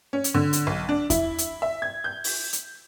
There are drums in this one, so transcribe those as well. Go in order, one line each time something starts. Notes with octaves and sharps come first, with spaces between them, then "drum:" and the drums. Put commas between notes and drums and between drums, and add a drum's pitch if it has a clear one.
C#4
drum: hi-hat
D3
drum: hi-hat
B1
D4
E4, drum: kick E2, hi-hat
drum: hi-hat
E5
G#6
G6
drum: open hi-hat
drum: hi-hat